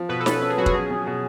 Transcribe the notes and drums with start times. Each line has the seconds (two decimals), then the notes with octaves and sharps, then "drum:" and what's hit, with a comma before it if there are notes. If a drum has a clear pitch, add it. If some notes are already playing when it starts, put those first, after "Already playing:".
Already playing: F3
0.09 B2 B4
0.20 A4
0.26 C#4 B4, drum: snare
0.42 C#4 B4
0.50 G#4
0.58 F#3 F#4
0.66 G#4, drum: kick
0.74 C#4
0.90 F#3
1.07 B2